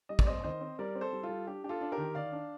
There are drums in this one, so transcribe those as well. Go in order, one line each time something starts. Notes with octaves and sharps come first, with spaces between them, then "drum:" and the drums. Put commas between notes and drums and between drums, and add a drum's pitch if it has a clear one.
G3 D#5
D5, drum: kick
C4 C5 D#5
D#3 C5 D#5
C4
G3 A#4 D5
C4
A4 C5
G3
F4 A4
G3
D4 G4
D4 G4
F4 A4
D4
G4 A#4
D#3
D#3 D5 F5
D4